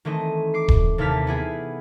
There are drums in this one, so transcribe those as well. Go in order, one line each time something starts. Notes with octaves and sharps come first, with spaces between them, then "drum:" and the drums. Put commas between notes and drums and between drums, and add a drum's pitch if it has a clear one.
D#3 E3 A3 C4 D#5
D6 C7
drum: kick D#1
D#2 C3 E4 A5 F6 B6
B3 E4 G#4